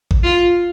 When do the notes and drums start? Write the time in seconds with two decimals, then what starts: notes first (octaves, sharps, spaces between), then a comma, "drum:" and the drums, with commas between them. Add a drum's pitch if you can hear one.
0.11 drum: kick G#1
0.24 F4